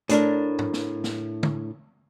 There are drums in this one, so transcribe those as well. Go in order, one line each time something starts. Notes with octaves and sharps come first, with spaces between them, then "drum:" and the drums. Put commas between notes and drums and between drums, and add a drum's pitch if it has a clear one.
A2 D4 A#4, drum: hi-hat
drum: tom G#2
drum: snare
drum: snare
drum: tom